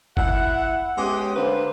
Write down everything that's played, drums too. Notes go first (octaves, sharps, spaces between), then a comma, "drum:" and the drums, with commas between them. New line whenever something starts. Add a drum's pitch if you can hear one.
E4 E5 F#5, drum: kick G1
G#3 B3 C#4 G4
D3 A#3 B4 C5